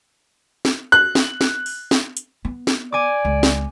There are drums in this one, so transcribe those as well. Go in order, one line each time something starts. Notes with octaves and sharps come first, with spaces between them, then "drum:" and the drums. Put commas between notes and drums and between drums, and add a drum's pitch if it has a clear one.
drum: snare
F#6
drum: snare
drum: snare
drum: open hi-hat
drum: snare
drum: hi-hat
B3
drum: snare
D5 G#5 D6
C#2
drum: snare